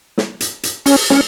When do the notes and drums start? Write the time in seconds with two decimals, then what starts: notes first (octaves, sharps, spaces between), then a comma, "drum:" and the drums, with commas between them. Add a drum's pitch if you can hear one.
0.18 drum: snare
0.40 drum: hi-hat
0.63 drum: hi-hat
0.86 C#4, drum: open hi-hat
1.10 C#4, drum: snare